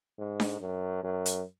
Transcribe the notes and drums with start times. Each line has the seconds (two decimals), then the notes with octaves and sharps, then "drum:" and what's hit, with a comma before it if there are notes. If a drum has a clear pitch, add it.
0.18 G#2
0.40 drum: snare D4
0.61 F#2
1.04 F#2
1.26 drum: hi-hat